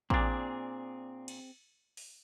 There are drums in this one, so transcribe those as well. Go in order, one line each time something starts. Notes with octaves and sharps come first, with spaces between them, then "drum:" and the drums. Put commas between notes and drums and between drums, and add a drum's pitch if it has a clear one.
A#2 C4 D4 G#4, drum: kick A1
drum: cymbal
drum: open hi-hat